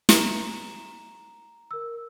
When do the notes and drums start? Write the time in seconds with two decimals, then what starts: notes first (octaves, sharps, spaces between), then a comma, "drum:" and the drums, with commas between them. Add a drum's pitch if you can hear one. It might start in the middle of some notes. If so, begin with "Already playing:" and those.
0.09 A#5 E7, drum: snare
1.71 A#4 E6